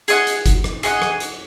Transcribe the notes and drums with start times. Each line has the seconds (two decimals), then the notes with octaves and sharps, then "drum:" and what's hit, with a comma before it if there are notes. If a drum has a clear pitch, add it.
0.08 G#4 D#5 F#5, drum: hi-hat
0.27 drum: hi-hat
0.46 drum: kick F#1, hi-hat
0.64 drum: rim click
0.83 G#4 D#5 F#5, drum: hi-hat
1.02 drum: rim click
1.20 drum: hi-hat